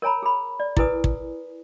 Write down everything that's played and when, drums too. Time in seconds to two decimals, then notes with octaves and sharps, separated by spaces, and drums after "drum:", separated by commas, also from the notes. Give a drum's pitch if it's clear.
0.02 A#4 C#5 G#5 A#5 B5
0.23 G#4 B5
0.60 D5
0.77 E4 G#4 A#4 B4 G#5 D#6, drum: kick
1.04 drum: kick